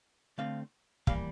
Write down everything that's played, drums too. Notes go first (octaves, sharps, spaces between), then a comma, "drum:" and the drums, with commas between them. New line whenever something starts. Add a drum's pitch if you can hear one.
D3 A3 C4 F5
E3 G3 A#3 F5, drum: kick